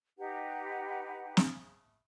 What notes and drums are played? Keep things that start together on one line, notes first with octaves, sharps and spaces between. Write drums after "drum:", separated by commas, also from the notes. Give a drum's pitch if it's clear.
D#4 G4 B4 F#5
drum: snare